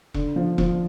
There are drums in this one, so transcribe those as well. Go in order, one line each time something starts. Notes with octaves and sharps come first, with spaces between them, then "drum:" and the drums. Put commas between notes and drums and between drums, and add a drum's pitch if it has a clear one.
D3, drum: kick E1
F3
F3, drum: kick E1